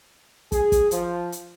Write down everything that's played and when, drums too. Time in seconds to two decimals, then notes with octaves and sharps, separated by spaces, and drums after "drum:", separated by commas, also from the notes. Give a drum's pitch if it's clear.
0.52 G#4, drum: kick, hi-hat
0.72 drum: kick, hi-hat
0.91 F3, drum: hi-hat
1.32 drum: hi-hat